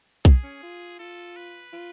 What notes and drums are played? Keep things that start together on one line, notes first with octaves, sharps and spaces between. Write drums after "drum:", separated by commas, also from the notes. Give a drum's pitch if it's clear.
G#4, drum: kick B1
C#4
F4
F4 A4
B4
F4